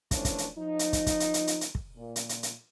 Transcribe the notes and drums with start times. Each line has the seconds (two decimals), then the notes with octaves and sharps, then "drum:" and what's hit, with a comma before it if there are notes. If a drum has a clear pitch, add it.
0.11 E2 E3 F3 A3 C#4 D4, drum: kick, hi-hat
0.25 drum: kick, hi-hat
0.38 drum: hi-hat
0.58 F3 D#4
0.79 drum: hi-hat
0.93 drum: kick, hi-hat
1.07 drum: kick, hi-hat
1.20 drum: hi-hat
1.34 drum: hi-hat
1.47 drum: hi-hat
1.61 drum: hi-hat
1.75 drum: kick
1.97 A#2
2.16 drum: hi-hat
2.29 drum: hi-hat
2.43 drum: hi-hat